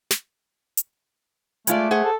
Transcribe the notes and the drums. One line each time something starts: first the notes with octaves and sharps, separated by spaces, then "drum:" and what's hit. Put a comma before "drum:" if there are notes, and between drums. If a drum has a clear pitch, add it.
drum: snare
drum: hi-hat
G#3 A3 F4 D5, drum: hi-hat
G#4 C5 F#5
A4